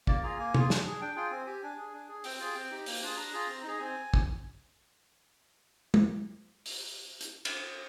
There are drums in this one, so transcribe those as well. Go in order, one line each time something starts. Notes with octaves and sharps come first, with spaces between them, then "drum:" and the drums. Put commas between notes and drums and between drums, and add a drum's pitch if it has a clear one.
A#3 D5, drum: kick
F4 G#4 A#5
A#3 G#5
F4 G#4, drum: tom C3
D4, drum: snare
G#4
D4 G5
F4 G#4 G5
C4 G#5
G4 G#5
D4 G#5
G#4
D4
G#4
C4 G5, drum: open hi-hat
F4 G#4 G5
C4 G5
D#4 G4
A#3, drum: open hi-hat
D4 F4 G#4
D4 A#5
F4 G#4
C4
D#4 G#4 A#5
C4 G#5
drum: kick
drum: tom
drum: open hi-hat
drum: hi-hat
drum: cymbal